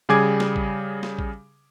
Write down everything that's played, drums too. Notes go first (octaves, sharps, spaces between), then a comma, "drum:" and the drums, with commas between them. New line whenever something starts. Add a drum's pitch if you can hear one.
C#3 G3 G#4 D6 G#6
drum: snare
drum: kick
drum: snare
drum: kick